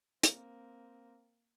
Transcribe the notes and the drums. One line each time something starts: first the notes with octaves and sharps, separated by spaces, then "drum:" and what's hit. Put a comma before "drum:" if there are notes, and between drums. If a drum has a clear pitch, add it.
A#3 C4, drum: hi-hat